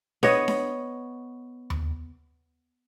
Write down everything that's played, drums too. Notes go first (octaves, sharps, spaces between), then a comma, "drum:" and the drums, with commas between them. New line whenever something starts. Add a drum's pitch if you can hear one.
B3 C#5 D#5, drum: snare D4
drum: snare D4
drum: tom D#2